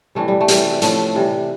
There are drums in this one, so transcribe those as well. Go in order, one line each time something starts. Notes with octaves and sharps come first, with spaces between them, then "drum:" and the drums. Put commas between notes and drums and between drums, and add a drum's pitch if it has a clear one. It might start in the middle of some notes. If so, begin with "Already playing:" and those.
C3 E3 G3 A3
G3
A3
C3 E3 G3, drum: hi-hat
A2 F3 A3, drum: hi-hat
C3 E3 G3